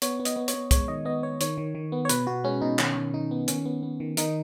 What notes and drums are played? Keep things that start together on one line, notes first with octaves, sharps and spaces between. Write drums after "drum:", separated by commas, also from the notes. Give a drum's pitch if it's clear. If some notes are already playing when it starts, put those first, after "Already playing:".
B3 C#5, drum: hi-hat
B3
D#5, drum: hi-hat
B3
C#5, drum: hi-hat
B3
G#3 C#5, drum: kick, hi-hat
D#3 D#5
B3 D#5
B3 C#5
D#3 C#5, drum: hi-hat
D#3
D#3
B3
C#5
B2 B4, drum: hi-hat
B2 F#4
G#3 C#4
B2 D#4
D#3 C#4, drum: clap
D#3
D#3 D#4
B3
D#3 C#4, drum: hi-hat
B3
B3
D#3
D#3 D#4, drum: hi-hat